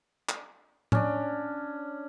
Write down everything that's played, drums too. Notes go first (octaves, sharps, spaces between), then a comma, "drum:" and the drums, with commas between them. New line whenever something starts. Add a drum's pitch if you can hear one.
drum: clap
C#4 D4, drum: tom A2